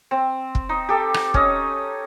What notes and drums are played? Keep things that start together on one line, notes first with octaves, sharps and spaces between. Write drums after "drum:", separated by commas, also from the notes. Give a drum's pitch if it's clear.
C4
drum: kick
D#4
G4 A4
drum: rim click
C#4 D#5, drum: kick